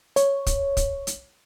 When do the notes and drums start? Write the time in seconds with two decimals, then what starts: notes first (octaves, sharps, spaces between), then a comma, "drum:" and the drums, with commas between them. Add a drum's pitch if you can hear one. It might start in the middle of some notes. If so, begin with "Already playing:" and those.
0.16 C#5, drum: hi-hat
0.46 drum: kick, hi-hat
0.77 drum: kick, hi-hat
1.07 drum: hi-hat